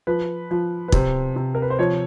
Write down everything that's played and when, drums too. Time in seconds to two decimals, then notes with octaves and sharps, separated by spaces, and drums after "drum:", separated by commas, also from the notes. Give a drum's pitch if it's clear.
0.07 F3 B4
0.51 F3
0.88 B4
0.92 C3 C5, drum: kick
1.36 C3
1.55 A#4
1.62 B4
1.70 C5
1.79 F3 C#5